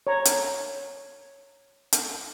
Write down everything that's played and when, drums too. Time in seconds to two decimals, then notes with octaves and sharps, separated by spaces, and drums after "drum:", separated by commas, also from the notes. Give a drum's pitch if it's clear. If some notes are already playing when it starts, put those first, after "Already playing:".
0.07 C#5 A#5
0.25 drum: hi-hat
1.93 drum: hi-hat